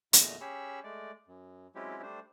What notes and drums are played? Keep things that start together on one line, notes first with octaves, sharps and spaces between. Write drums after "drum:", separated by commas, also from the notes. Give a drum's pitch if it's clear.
E2 A#2 D3 A3 D#5 F6, drum: hi-hat
C#4 G4 G#4 B5 C#6 E6
G#3 A3 D5
F#2
F#3 G#3 C4 C#4 E4 G4
G3 A3 D4 C5